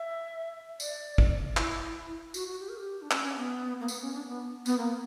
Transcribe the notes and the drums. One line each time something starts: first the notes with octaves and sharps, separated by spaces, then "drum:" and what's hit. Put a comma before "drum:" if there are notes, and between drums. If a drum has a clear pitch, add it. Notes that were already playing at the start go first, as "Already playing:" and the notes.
Already playing: E5
D5, drum: tambourine
drum: kick
E4, drum: clap
F#4, drum: tambourine
F#4
G4
A#4
G4
D4
C#4, drum: clap
C#4
B3
A#3
B3, drum: tambourine
C#4
D4
B3
B3, drum: tambourine
A#3